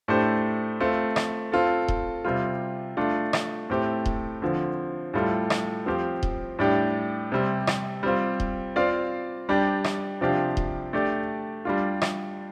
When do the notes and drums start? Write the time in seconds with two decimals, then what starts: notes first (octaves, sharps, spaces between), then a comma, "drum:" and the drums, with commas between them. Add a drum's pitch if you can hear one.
0.08 A2 A3 D4 G4 C5
0.80 A3 C4 F4
1.16 drum: rim click
1.52 C4 F4 A4
1.88 drum: kick D#1
2.25 C3 G3 F4
2.97 A3 D4 F4
3.33 drum: rim click
3.70 A2 A3 C4 G4
4.06 drum: kick D#1
4.42 D3 F3 C4
5.14 A2 G3 F4 A4
5.50 drum: rim click
5.86 F3 C4 G4 F5
6.23 drum: kick D#1
6.59 A2 G3 D4 G4 D5
7.32 C3 G3 C4
7.67 drum: rim click
8.03 G3 C4 F4
8.40 drum: kick D#1
8.76 C4 F4 D5 F5
9.49 G3 D4 G4
9.84 drum: rim click
10.21 C3 F3 D4 G4 F5
10.57 drum: kick D#1
10.93 A3 D4 G4 D5
11.65 G3 D4 F4
12.02 drum: rim click